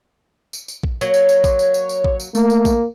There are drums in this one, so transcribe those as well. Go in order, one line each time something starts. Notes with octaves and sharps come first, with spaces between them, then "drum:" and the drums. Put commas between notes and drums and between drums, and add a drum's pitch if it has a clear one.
drum: tambourine
drum: tambourine
drum: kick A#1
F#3 A#3 C#5, drum: tambourine
drum: tambourine
drum: tambourine
drum: kick A#1, tambourine
drum: tambourine
drum: tambourine
drum: tambourine
drum: kick A#1
drum: tambourine
A3 A#3, drum: tambourine
drum: tambourine
drum: kick A#1, tambourine